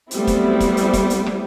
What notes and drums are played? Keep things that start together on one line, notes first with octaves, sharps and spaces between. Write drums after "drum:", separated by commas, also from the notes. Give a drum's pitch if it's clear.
F#3 G3 A3 B3 C4 E4, drum: hi-hat
drum: kick, hi-hat
drum: kick, hi-hat
drum: hi-hat
drum: kick, hi-hat
drum: hi-hat
drum: rim click